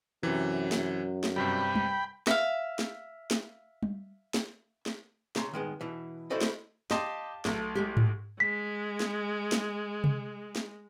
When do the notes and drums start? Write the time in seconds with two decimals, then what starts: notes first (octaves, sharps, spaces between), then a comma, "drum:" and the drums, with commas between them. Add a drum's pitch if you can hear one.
0.23 F#2 C3 E3
0.72 drum: snare
1.24 drum: snare
1.36 G2 C3 G3 G5 B5
1.75 drum: tom G3
2.27 E5 F5, drum: snare
2.79 drum: snare
3.31 drum: snare
3.83 drum: tom G3
4.34 drum: snare
4.86 drum: snare
5.36 C#3 A#5 C6, drum: snare
5.53 D#3 G#3 B3
5.81 B2 E3
6.30 E4 F#4 A4 C5 D5 D#5
6.41 drum: snare
6.91 G4 D#5 F5 A5 C6, drum: snare
7.45 B1 A3, drum: snare
7.75 G#3 A#3 G4
7.97 drum: tom G#2
8.40 G#3 B6
9.00 drum: snare
9.52 drum: snare
10.04 drum: tom C3
10.56 drum: snare